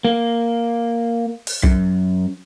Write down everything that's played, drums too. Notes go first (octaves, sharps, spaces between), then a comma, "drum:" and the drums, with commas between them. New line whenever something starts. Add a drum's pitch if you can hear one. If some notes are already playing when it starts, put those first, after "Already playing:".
A#3
drum: open hi-hat
F#2, drum: kick